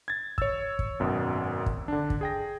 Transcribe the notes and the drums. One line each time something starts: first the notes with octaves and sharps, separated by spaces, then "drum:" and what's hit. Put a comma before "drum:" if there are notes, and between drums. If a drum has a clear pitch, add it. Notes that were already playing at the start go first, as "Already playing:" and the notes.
G#6 A6
C#5 E6, drum: kick
drum: kick
G#1 F#2 B2
drum: kick
D3 D4
drum: kick
G#4 G5 A#6